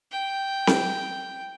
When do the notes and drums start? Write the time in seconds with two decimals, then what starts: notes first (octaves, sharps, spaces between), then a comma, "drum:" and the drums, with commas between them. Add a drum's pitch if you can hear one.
0.12 G5
0.67 drum: snare C4